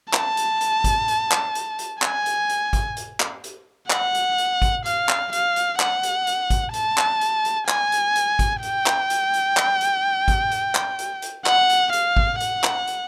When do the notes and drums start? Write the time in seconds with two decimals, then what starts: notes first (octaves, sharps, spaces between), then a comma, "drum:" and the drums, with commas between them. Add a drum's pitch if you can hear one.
0.13 A5, drum: clap
0.37 drum: hi-hat
0.61 drum: hi-hat
0.84 drum: kick G#1, hi-hat
1.08 drum: hi-hat
1.31 drum: clap
1.55 drum: hi-hat
1.79 drum: hi-hat
2.02 G#5, drum: clap
2.26 drum: hi-hat
2.49 drum: hi-hat
2.73 drum: kick G#1, hi-hat
2.97 drum: hi-hat
3.20 drum: clap
3.44 drum: hi-hat
3.90 F#5, drum: clap
4.15 drum: hi-hat
4.38 drum: hi-hat
4.62 drum: kick G#1, hi-hat
4.85 F5, drum: hi-hat
5.09 drum: clap
5.33 F5, drum: hi-hat
5.56 drum: hi-hat
5.80 F#5, drum: clap
6.03 drum: hi-hat
6.27 drum: hi-hat
6.50 drum: kick G#1, hi-hat
6.73 A5, drum: hi-hat
6.98 drum: clap
7.21 drum: hi-hat
7.45 drum: hi-hat
7.69 G#5, drum: clap
7.92 drum: hi-hat
8.16 drum: hi-hat
8.39 drum: kick G#1, hi-hat
8.63 G5, drum: hi-hat
8.86 drum: clap
9.10 drum: hi-hat
9.33 drum: hi-hat
9.57 drum: clap
9.81 drum: hi-hat
10.28 drum: kick G#1, hi-hat
10.51 drum: hi-hat
10.75 drum: clap
10.99 drum: hi-hat
11.22 drum: hi-hat
11.46 F#5, drum: clap
11.69 drum: hi-hat
11.93 F5, drum: hi-hat
12.17 drum: kick G#1
12.40 F#5, drum: hi-hat
12.64 drum: clap
12.87 drum: hi-hat